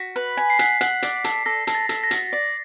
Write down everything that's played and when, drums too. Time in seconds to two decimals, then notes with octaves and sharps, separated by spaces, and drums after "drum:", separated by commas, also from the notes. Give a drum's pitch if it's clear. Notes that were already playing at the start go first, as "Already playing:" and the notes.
Already playing: F#4 B6
0.16 B4
0.37 G#5
0.50 C7
0.59 F#5 B6, drum: hi-hat
0.81 F#5, drum: hi-hat
1.02 D5, drum: hi-hat
1.24 A4, drum: hi-hat
1.34 B6
1.46 A4 A#6
1.67 A4, drum: hi-hat
1.75 A6
1.89 A4, drum: hi-hat
2.04 A#6
2.11 F#4, drum: hi-hat
2.33 D5